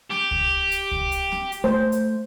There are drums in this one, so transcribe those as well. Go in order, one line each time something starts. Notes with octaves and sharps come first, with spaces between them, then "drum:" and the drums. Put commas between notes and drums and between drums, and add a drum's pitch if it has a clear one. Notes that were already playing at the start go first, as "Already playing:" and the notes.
G4, drum: snare C4
drum: kick C#2
drum: hi-hat
drum: kick C#2
drum: hi-hat
drum: snare C4
drum: hi-hat
A3 C5
drum: hi-hat